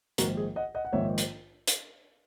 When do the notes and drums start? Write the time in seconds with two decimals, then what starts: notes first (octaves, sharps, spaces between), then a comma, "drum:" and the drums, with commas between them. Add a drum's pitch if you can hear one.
0.18 A#1 G#2 D#3 A#3 F#4 A#4, drum: hi-hat
0.37 G#4
0.56 D#5 F#5
0.75 D#5 F#5
0.85 F#5
0.93 A#1 G#2 D#3 A#3 C#5 E5
1.18 drum: hi-hat
1.67 drum: hi-hat